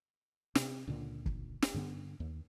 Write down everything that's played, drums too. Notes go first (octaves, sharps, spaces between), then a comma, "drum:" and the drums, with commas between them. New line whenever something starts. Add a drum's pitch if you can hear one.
C3, drum: snare
C#2 A#2 D3
drum: kick
drum: snare
G2 D3 B3
D#2